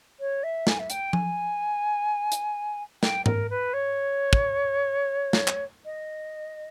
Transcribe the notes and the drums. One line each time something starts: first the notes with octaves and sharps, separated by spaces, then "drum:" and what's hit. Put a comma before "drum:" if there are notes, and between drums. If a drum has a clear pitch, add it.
C#5
E5
G#5, drum: snare
E5
G5, drum: hi-hat
G#5, drum: tom F3
drum: hi-hat
G5, drum: snare
A#4, drum: tom G#2
B4
C#5
drum: kick
drum: snare
drum: clap
D#5